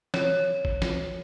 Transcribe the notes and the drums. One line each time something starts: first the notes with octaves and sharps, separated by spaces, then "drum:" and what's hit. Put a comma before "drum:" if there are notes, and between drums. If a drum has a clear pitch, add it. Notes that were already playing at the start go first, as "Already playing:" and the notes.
C#5, drum: snare
drum: kick G#1
drum: snare